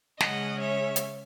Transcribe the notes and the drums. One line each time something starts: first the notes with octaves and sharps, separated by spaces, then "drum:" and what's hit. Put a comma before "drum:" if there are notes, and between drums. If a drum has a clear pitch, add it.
C#3 G#3 C#4 D#5 F#5, drum: snare
C#5 E5
drum: hi-hat